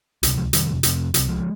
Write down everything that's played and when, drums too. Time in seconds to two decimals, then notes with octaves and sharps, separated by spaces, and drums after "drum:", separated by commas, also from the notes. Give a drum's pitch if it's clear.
0.23 C#2 C3, drum: hi-hat
0.37 F3 G#3
0.53 F2 C3 D#3 G3, drum: hi-hat
0.83 F2 C3, drum: hi-hat
1.14 C2 C3 F3, drum: hi-hat
1.29 F3 G#3